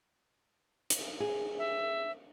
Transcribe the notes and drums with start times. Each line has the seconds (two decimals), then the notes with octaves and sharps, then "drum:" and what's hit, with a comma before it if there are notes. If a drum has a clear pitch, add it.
0.90 drum: hi-hat
1.20 G#4
1.58 E5